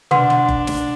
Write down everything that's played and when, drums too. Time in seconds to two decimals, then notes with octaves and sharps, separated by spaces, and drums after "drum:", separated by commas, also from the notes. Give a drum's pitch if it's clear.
0.11 D4 B4 F#5 C6, drum: tom
0.30 drum: tom
0.49 drum: kick F#1
0.67 drum: snare